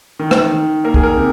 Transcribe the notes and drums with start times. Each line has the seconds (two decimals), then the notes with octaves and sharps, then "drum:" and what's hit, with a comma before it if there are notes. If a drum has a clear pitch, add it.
0.19 D#3
0.31 drum: rim click
0.52 D#3
0.84 A#3 A#4
0.94 G#4, drum: kick
1.03 A#4
1.17 C3